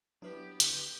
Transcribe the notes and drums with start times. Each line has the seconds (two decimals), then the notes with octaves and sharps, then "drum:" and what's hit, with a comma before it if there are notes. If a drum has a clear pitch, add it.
0.22 F#3 B3 D4 E4 G4 B4
0.60 D3, drum: hi-hat